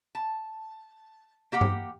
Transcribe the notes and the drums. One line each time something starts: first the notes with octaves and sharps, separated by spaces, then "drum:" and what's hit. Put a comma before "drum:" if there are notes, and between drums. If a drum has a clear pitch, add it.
A5
A#3 G4 F#5 G5
drum: tom G2